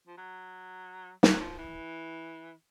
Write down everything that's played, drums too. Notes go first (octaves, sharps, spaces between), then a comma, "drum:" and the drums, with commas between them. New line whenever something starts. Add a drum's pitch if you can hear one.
F3
F#3
drum: snare
F#3
F3
E3